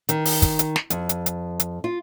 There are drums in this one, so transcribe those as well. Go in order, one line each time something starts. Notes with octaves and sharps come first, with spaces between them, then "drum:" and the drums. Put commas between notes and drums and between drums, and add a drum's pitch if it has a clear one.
D#3, drum: hi-hat
drum: open hi-hat
drum: kick, hi-hat
drum: hi-hat
drum: snare
F2, drum: hi-hat
drum: hi-hat
drum: hi-hat
drum: hi-hat
F4